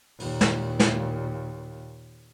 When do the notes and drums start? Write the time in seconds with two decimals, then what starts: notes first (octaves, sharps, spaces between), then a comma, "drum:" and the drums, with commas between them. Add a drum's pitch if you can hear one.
0.20 D#2 A#2, drum: open hi-hat
0.41 drum: snare
0.80 drum: snare